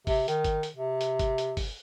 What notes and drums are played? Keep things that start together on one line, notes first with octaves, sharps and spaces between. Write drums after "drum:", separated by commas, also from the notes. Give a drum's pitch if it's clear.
C3, drum: kick G1, open hi-hat
D#3, drum: hi-hat
drum: kick G1, hi-hat
drum: hi-hat
C3
drum: hi-hat
drum: kick G1, hi-hat
drum: hi-hat
drum: kick G1, open hi-hat